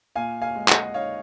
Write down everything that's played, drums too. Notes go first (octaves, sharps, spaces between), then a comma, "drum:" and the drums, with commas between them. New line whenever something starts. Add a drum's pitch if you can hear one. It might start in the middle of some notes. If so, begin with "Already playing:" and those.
A#2 F5 G#5
F5 G#5
G#3
D#5 F#5, drum: clap
D#4 C#5 F5